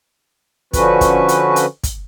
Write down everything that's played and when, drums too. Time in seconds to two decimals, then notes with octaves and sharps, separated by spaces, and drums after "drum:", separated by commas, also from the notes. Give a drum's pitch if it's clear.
0.73 D3 F3 C#4 F#4 B4, drum: kick, hi-hat
1.01 drum: kick, hi-hat
1.28 drum: hi-hat
1.56 drum: hi-hat
1.84 drum: kick, hi-hat